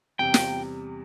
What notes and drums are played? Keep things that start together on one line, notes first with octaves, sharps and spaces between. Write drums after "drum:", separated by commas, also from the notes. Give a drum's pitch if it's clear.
E2 C3 G3 G5
drum: snare